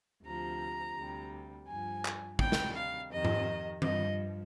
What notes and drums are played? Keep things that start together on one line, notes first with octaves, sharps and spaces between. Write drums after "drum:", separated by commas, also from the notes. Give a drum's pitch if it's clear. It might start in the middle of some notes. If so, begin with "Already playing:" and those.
D2 C3 F3 A#5
D2 C3 G3
G2 F3 G#5
drum: clap
D2 C3 D#3 G3 G5, drum: kick
drum: snare
F5
F2 C3 D#3 D#5
drum: tom G#2
G2 F3 D#5, drum: tom D#3